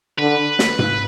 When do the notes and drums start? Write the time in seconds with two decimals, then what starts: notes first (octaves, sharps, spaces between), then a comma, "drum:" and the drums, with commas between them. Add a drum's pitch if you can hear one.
0.19 D3 B4
0.59 drum: snare
0.79 drum: tom G#2